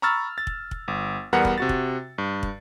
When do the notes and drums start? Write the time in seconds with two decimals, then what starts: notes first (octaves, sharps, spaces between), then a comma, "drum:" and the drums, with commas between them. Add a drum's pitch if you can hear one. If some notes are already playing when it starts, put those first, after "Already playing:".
0.02 A#5 B5 C#6 E6 F6 A6
0.38 A6
0.47 drum: kick
0.71 drum: kick
0.88 G1
1.33 E2 G3 B3 A#4 F#5 C#7
1.45 drum: kick
1.58 C3 F#4 A6
1.69 drum: kick
2.18 G2
2.43 drum: kick